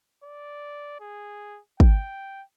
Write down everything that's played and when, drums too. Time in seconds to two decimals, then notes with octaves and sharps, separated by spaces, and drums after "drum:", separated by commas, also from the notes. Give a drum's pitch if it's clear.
0.24 D5
1.00 G#4
1.80 G5, drum: kick